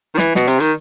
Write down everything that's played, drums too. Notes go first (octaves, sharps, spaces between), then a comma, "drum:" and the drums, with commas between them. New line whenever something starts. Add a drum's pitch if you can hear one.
D#3
E3, drum: snare
B2, drum: snare
C3, drum: hi-hat
D#3, drum: hi-hat